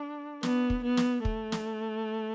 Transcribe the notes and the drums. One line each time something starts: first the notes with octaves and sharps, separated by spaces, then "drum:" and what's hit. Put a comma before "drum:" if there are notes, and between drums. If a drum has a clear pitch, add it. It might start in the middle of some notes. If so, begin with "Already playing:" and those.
Already playing: D4
B3, drum: snare
drum: kick
B3
drum: snare
A3, drum: kick
drum: snare